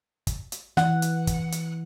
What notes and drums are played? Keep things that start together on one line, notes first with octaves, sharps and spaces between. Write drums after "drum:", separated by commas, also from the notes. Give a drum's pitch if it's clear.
drum: kick, hi-hat
drum: hi-hat
E3 F#5, drum: snare
drum: hi-hat
drum: kick, hi-hat
drum: hi-hat